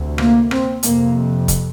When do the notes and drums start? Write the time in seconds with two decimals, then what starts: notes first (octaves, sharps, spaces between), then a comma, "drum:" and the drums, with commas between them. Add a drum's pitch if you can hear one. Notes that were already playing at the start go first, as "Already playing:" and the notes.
Already playing: D2 C3
0.18 A#3, drum: rim click
0.51 C4, drum: rim click
0.83 F2 C3 A#3, drum: hi-hat
1.48 drum: kick, hi-hat